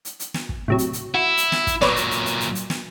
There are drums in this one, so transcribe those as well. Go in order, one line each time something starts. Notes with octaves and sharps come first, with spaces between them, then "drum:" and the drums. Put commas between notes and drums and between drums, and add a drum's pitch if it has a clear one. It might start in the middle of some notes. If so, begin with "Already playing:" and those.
drum: hi-hat
drum: hi-hat
drum: snare
drum: kick
A2 C3 F#3
drum: hi-hat
drum: hi-hat
E4 F#4
drum: hi-hat
drum: snare
drum: kick, hi-hat
A#2 F#3 B4 C#5 D5, drum: snare
drum: hi-hat
drum: hi-hat
drum: hi-hat
drum: hi-hat
drum: hi-hat
drum: snare